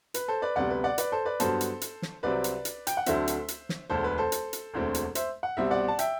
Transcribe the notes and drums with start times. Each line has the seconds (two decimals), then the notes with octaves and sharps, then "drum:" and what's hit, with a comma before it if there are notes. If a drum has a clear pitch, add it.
0.14 B4, drum: hi-hat
0.28 A4 C5
0.42 B4 D5
0.56 D2 C3 G3 B3 D5 F#5
0.70 B4
0.84 D5 F#5
0.98 B4 D5, drum: hi-hat
1.12 A4 C5
1.26 B4 D5
1.40 G2 D3 F#3 B3 A4 C5, drum: hi-hat
1.61 drum: hi-hat
1.81 drum: hi-hat
2.02 drum: snare
2.23 C2 C3 F#3 C4 B4 D5
2.44 drum: hi-hat
2.65 drum: hi-hat
2.87 G5, drum: hi-hat
2.97 F#5
3.06 D2 D3 F#3 A3 C4 C5 E5, drum: hi-hat
3.28 drum: hi-hat
3.48 drum: hi-hat
3.69 drum: snare
3.90 E1 D2 D3 A4 C5
4.04 B4
4.18 A4 C5
4.32 drum: hi-hat
4.53 drum: hi-hat
4.74 E1 D2 D3 A3 C4
4.95 drum: hi-hat
5.15 C5 E5, drum: hi-hat
5.43 F#5
5.57 C2 B2 G3 C4 E5
5.71 D5 F#5
5.88 A5
5.99 E5 G5, drum: hi-hat